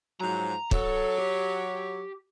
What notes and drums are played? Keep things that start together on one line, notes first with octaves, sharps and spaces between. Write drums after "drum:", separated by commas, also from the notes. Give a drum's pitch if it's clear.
G#2 F3 F#3 A#5
F#3 A4 C#5, drum: kick
G4